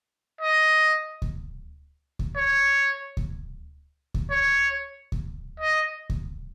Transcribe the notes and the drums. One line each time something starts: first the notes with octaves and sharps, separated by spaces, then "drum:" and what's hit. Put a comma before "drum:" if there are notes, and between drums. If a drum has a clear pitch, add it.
D#5
drum: kick D2
drum: kick D2
C#5
drum: kick D2
drum: kick D2
C#5
drum: kick D2
D#5
drum: kick D2